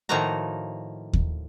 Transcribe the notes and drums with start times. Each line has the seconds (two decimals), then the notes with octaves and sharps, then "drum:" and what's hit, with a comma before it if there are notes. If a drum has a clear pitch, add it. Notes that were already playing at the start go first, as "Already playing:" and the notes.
0.09 A2 D#3 F3 A#3 F#4 A#5
1.13 drum: kick D#2